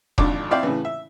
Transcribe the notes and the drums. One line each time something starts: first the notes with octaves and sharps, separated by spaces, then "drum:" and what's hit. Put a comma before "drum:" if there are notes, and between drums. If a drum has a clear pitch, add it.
G#1 F2 D3 D4 D6, drum: kick E1
C4 E4 D5 F5 G5
A2 C#3 E3
E5